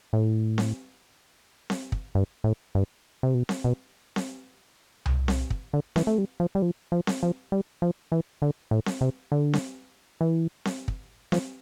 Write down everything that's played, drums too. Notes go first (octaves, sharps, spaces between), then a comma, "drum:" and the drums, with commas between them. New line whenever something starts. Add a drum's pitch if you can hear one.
A2
drum: snare C4
drum: snare C4
drum: kick
G2
A2
G2
C3
B2
drum: snare C4
B2
drum: snare C4
drum: tom C2
drum: snare C4
drum: kick
D3
E3, drum: snare C4
A3
G3
F3
G3
F3
F3
drum: snare C4
F3
G3
F3
E3
D3
A2
drum: snare C4
C3
D3
drum: snare C4
E3
drum: snare C4
drum: kick
F3, drum: snare C4